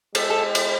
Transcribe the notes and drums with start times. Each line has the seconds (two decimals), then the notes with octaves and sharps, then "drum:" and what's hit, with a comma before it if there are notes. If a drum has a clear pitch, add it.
0.15 G#3 A4, drum: cymbal
0.30 A4
0.55 drum: cymbal